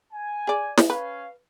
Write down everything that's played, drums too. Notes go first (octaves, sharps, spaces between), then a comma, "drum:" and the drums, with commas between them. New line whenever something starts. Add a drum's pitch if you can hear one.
G#5
G#4 D5
drum: snare
C#4 B4 F5